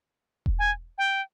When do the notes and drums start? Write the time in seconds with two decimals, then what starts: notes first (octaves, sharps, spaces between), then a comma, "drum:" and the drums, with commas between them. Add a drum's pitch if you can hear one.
0.46 drum: kick E1
0.59 G#5
0.98 G5